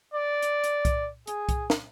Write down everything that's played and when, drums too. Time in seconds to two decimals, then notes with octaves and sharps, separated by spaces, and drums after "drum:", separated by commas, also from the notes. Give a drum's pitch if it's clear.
0.14 D5
0.42 drum: hi-hat
0.64 drum: hi-hat
0.85 drum: kick C2, hi-hat
1.27 G#4, drum: hi-hat
1.49 drum: kick C2, hi-hat
1.70 drum: snare